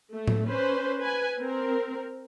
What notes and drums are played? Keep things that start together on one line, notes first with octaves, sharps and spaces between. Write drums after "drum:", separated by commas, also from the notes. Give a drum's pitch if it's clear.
A3
drum: tom A2
C#4 B4 C5
B4 G#5
C4 A#4